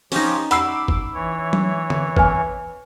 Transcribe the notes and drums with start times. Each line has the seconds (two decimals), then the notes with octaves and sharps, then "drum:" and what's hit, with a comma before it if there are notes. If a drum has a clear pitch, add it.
0.12 F3 C#4 D#4 G4, drum: open hi-hat
0.51 F#5 A#5 B5 D6 E6 C7, drum: hi-hat
0.88 drum: kick
1.14 E3 C#5
1.53 drum: tom F#3
1.90 drum: tom D3
2.17 B4 G#5, drum: kick